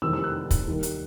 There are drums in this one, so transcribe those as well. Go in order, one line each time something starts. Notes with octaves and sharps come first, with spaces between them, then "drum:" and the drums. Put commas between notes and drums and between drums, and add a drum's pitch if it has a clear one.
F1 E2 C3 D#3 G3 E6
E6
F#6
drum: kick, hi-hat
D#2 D#3 G3
drum: hi-hat